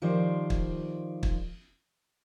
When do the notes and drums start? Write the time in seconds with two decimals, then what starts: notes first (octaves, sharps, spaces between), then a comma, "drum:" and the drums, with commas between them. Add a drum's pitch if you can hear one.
0.02 D#3 F3 G3 C5 D5
0.50 drum: kick
1.23 drum: kick